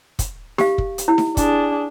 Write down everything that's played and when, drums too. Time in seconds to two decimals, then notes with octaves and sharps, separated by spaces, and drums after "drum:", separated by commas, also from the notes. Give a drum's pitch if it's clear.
0.19 drum: kick, hi-hat
0.58 G4 F5, drum: snare D#4
0.78 drum: kick
0.98 drum: hi-hat
1.08 E4
1.18 drum: snare D#4
1.37 D4 G#4, drum: kick, hi-hat